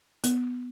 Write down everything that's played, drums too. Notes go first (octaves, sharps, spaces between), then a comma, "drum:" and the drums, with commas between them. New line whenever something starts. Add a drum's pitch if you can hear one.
B3, drum: hi-hat